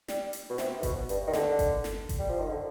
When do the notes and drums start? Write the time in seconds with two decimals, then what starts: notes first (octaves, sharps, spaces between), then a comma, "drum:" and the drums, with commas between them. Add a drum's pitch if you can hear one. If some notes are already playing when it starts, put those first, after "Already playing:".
0.08 G3, drum: snare
0.33 drum: hi-hat
0.50 B2
0.58 C3, drum: snare
0.79 G#2
0.83 B2, drum: kick G1, hi-hat
1.09 G2, drum: hi-hat
1.27 D#3
1.33 D3, drum: snare
1.59 drum: kick G1, hi-hat
1.84 drum: snare
2.09 drum: kick G1, hi-hat
2.19 G3
2.29 F3
2.40 D#3
2.49 D3